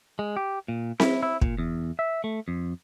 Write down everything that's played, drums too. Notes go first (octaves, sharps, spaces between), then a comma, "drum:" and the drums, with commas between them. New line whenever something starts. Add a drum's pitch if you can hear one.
G#3
G4
A#2
E4, drum: snare C4
E4
A#2, drum: kick
E2
E5
A3
F2